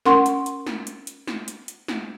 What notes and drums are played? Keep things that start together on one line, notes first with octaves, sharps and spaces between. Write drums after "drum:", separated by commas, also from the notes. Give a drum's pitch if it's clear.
C#4 A#4 F#5 C6 C#6, drum: snare
drum: hi-hat
drum: hi-hat
drum: snare
drum: hi-hat
drum: hi-hat
drum: snare
drum: hi-hat
drum: hi-hat
drum: snare